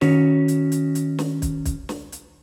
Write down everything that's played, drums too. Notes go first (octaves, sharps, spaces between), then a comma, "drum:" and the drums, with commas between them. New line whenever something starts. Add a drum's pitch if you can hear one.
D#3 C#4 F#4 C#5, drum: snare
drum: hi-hat
drum: hi-hat
drum: hi-hat
drum: snare
drum: kick, hi-hat
drum: kick, hi-hat
drum: snare
drum: hi-hat